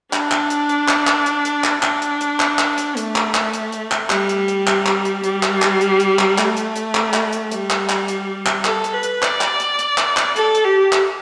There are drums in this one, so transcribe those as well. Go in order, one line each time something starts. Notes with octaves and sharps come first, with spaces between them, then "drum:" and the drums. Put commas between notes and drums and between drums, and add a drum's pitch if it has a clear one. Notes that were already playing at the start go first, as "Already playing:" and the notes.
D4, drum: clap
drum: clap
drum: hi-hat
drum: hi-hat
drum: clap
drum: clap
drum: hi-hat
drum: hi-hat
drum: clap
D4, drum: clap
drum: hi-hat
drum: hi-hat
drum: clap
drum: clap
drum: hi-hat
A3, drum: hi-hat
drum: clap
drum: clap
drum: hi-hat
drum: hi-hat
drum: clap
G3, drum: clap
drum: hi-hat
drum: hi-hat
drum: clap
drum: clap
drum: hi-hat
G3, drum: hi-hat
drum: clap
drum: clap
drum: hi-hat
drum: hi-hat
drum: clap
A3, drum: clap
drum: hi-hat
drum: hi-hat
drum: clap
drum: clap
drum: hi-hat
G3, drum: hi-hat
drum: clap
drum: clap
drum: hi-hat
drum: clap
A4, drum: clap
drum: hi-hat
B4
drum: hi-hat
D5, drum: clap
drum: clap
drum: hi-hat
drum: hi-hat
drum: clap
drum: clap
A4, drum: hi-hat
drum: hi-hat
G4
drum: clap